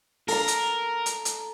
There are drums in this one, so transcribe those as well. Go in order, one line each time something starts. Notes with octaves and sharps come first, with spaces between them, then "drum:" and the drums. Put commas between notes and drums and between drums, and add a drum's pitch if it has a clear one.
A4 A#4 A#5, drum: open hi-hat
drum: hi-hat
drum: hi-hat
drum: hi-hat